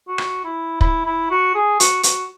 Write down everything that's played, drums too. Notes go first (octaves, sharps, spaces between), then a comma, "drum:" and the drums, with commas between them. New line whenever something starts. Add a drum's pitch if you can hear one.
F#4
drum: rim click
E4
E4, drum: kick
E4
F#4
G#4
F#4, drum: hi-hat
F#4, drum: hi-hat